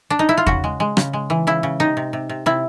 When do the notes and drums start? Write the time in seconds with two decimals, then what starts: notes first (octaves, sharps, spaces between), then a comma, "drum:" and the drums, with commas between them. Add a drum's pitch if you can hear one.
0.10 D4
0.19 D#4
0.29 E4
0.37 F4
0.47 C#3 F#4, drum: kick E2
0.64 G#3
0.80 G#3
0.97 C#3, drum: rim click
1.13 G#3
1.30 E3
1.47 C#3 E4
1.63 C#3
1.80 C3 D#4
1.97 C3
2.13 C3
2.29 C3
2.46 C3 E4